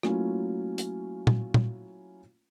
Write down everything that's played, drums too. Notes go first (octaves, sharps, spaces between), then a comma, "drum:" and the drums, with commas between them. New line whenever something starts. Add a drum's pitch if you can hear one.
F#3 A3 A#3 C#4 E4 F4, drum: rim click
drum: hi-hat
drum: tom A#2
drum: tom A#2